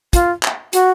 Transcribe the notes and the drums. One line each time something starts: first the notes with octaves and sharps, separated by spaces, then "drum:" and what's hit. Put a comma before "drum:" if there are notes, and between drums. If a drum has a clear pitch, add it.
F4, drum: kick, hi-hat
drum: clap
F#4, drum: hi-hat